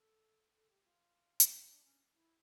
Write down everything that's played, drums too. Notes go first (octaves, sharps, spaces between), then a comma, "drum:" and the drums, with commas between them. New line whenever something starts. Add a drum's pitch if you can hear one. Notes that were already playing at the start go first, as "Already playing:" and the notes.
Already playing: A4
A4
G4
F4
drum: hi-hat
D4
C#4
E4